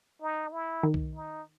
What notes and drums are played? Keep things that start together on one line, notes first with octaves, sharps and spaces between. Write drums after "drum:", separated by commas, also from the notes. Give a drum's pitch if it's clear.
D#4
E4
D#3
drum: kick
D#4